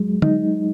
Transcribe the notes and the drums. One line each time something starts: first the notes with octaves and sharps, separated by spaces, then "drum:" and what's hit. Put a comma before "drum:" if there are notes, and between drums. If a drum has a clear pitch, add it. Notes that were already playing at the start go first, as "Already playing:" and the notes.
Already playing: F#3 G#3
D#4, drum: tom